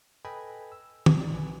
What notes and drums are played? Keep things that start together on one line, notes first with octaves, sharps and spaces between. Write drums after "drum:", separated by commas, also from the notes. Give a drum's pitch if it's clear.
A4 B4 D#5 G5 G#5 B5
E6
drum: tom
D#4 D5
B1 B4 G#5